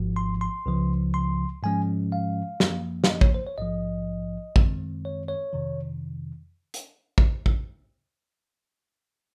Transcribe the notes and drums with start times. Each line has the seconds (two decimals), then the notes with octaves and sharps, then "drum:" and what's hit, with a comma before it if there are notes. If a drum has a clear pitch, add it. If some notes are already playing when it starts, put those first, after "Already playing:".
Already playing: G#1 G#2 F3
0.16 C6
0.41 C6
0.66 C#2 C#3 F3
1.14 C6
1.63 G#2 F3 G#3 C#4 G#5
2.12 F5
2.60 F#2 F3 A#3, drum: snare
3.04 F5, drum: snare
3.10 D#5
3.21 C#5, drum: kick
3.34 C5
3.47 C#5
3.58 A#1 G#2 F3 D#5
4.56 F#2 D#3 G#3 C4, drum: kick
5.05 C#5
5.28 C#5
5.53 F2 C3 D#3
6.74 drum: hi-hat
7.18 drum: kick
7.46 drum: kick